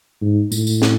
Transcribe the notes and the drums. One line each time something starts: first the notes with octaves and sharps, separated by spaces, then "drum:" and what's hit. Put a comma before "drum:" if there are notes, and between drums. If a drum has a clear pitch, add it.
G#2
A2, drum: tambourine
drum: tambourine
drum: snare